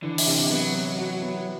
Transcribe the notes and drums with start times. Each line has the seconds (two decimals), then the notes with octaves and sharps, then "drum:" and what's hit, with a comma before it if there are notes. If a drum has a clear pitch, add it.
0.03 D3 E3
0.18 drum: open hi-hat
0.27 C3
0.50 F#3 B3
0.75 B3
0.98 F#4
1.22 B3